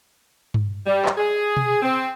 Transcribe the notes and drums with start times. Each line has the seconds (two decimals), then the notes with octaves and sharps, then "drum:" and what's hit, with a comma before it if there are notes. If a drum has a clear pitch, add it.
0.54 drum: tom G2
0.86 G3
1.05 drum: clap
1.17 G#4
1.57 drum: tom B2
1.82 C4